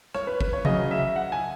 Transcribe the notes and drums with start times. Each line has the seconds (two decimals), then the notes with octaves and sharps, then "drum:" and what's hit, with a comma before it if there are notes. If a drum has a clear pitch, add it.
0.15 C#5, drum: rim click
0.27 B4
0.41 B4, drum: kick
0.53 C#5
0.65 C#3 F#3 D#5, drum: tom C3
0.91 E5
1.16 F#5
1.32 G#5